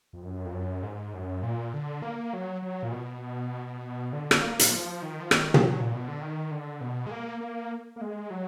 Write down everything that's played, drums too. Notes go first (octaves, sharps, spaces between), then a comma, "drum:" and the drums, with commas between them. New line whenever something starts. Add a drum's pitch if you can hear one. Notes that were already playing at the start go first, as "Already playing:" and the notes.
F2
F#2
F2
F#2
G#2
F#2
A#2
D3
A#3
F#3
F#3
A#2
B2
D3
drum: rim click
A#3
drum: hi-hat
F3
D#3
F3
D#3, drum: rim click
F3, drum: tom
F#3
A#2
B2
D3
D#3
D3
B2
G#3
A#3
A#3
A#3
G#3
F#3